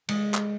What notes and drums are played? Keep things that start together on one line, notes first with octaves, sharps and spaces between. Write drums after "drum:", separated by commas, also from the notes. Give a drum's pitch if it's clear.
G#3, drum: cymbal
drum: clap